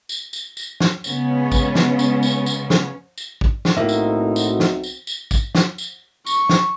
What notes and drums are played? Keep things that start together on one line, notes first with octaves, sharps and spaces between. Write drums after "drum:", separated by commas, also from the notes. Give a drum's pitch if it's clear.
drum: tambourine
drum: tambourine
drum: tambourine
drum: snare
C#3 G#3 B3 C#4, drum: tambourine
drum: kick, tambourine
drum: snare
drum: tambourine
drum: tambourine
drum: tambourine
drum: snare
drum: tambourine
drum: kick
drum: snare
B1 A2 A#3 C4 D#4 F#4 E5
drum: tambourine
drum: tambourine
drum: snare
drum: tambourine
drum: tambourine
drum: kick, tambourine
drum: snare
drum: tambourine
C#6, drum: tambourine
drum: snare